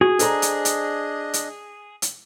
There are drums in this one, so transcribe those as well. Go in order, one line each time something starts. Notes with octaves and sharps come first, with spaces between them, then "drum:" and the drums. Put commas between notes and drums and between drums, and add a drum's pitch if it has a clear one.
F#4 G#4
D4 A4 C5 D#5 A#5, drum: hi-hat
drum: hi-hat
drum: hi-hat
drum: hi-hat
drum: hi-hat